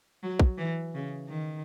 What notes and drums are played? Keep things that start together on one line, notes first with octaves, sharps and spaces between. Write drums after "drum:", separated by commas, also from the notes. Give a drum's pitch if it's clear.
F#3
drum: kick
E3
C#3
D#3